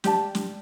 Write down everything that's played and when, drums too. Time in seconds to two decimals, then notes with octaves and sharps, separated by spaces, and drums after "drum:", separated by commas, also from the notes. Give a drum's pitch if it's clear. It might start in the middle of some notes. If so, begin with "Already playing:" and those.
0.04 G4 D5 A5, drum: snare
0.35 drum: snare